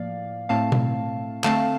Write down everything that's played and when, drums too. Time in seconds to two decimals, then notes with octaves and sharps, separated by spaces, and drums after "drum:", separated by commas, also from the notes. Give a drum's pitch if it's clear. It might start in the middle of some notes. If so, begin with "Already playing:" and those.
Already playing: A2 F3 A#3 D5 F5
0.49 A2 A3 C4 F5 A5
0.72 drum: tom B2
1.44 D3 A3 C4 F5 A5, drum: clap